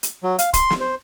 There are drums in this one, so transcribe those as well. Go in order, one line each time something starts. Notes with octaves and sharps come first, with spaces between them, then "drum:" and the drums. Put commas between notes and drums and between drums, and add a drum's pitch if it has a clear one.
drum: hi-hat
F#3
F5, drum: hi-hat
C6, drum: kick, hi-hat
drum: snare
C5